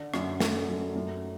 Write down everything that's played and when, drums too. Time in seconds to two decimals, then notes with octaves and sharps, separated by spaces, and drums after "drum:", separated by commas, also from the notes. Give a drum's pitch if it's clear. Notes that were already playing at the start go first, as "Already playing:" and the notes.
Already playing: D3 D5
0.14 F#2, drum: rim click
0.40 A3, drum: snare
0.68 F#2
0.96 F#2